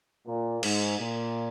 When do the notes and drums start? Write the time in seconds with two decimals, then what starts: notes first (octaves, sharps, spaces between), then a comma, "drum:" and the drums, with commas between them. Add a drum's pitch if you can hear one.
0.27 A#2
0.63 G#2, drum: cymbal
0.99 A#2